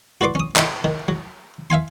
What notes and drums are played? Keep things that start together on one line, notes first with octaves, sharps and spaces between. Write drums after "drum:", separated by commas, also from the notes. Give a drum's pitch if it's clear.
F#4 B4 D5 C6 D6
C#4 D#6
D#4 E5, drum: clap
D#3
F#3
E5 F5 G#5 C6